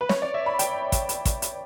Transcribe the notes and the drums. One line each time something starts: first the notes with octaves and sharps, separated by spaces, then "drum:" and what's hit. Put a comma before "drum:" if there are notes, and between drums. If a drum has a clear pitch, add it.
B4
C#5, drum: snare
D5
E5
B5
G5, drum: hi-hat
drum: kick, hi-hat
drum: hi-hat
drum: kick, hi-hat
drum: hi-hat